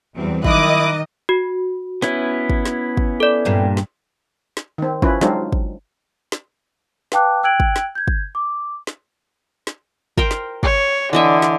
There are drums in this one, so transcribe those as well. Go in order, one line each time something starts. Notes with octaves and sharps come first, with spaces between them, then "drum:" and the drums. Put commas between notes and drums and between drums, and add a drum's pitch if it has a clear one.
E2 F#3 G3 C4
D#3 E4 D#5 D6 D#6 F#6, drum: kick
F#4
B3 C#4 E4, drum: snare
drum: kick
drum: snare
drum: kick
A4 D5
G2 A#2 A#3
drum: snare
drum: snare
D#3 C4
F3 C#4 E4 B4, drum: kick
F#3 G#3 C4 D4 D#4 F4, drum: snare
drum: kick
drum: snare
B4 F5 G5 A5 D6 F#6, drum: snare
G5 E6 F#6 G#6 D7 F#7
drum: kick
drum: snare
G6 G#6
drum: kick
D6
drum: snare
drum: snare
A#4 C5 G5, drum: kick
drum: snare
C#5, drum: kick
D3 E3 D#5 E5
drum: snare